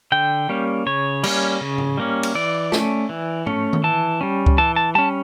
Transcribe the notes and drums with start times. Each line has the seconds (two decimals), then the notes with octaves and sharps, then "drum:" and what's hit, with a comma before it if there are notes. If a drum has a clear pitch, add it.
0.12 D3 G5
0.49 G3 A#3 C#4
0.86 C#3 C#5
1.24 G3 A#3 C#4, drum: cymbal
1.61 C#3
1.78 drum: tom G#2
1.98 G3 A#3 C#4
2.23 drum: cymbal
2.35 E3 D5
2.72 A3 C#4, drum: snare
3.09 E3
3.46 A3 C#4, drum: tom G#2
3.73 drum: tom D#3
3.84 E3 A5
4.21 G3 C#4
4.46 drum: kick C#2
4.58 E3 A5
4.76 A5
4.95 G3 C#4 A5